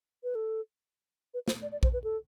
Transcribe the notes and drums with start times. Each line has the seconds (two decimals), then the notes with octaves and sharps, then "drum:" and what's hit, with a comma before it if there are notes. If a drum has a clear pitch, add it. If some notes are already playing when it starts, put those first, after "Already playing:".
0.23 B4
0.35 A4
1.34 B4
1.48 C5, drum: snare
1.62 D5
1.72 D5
1.83 C5, drum: kick A#1
1.93 B4
2.04 A4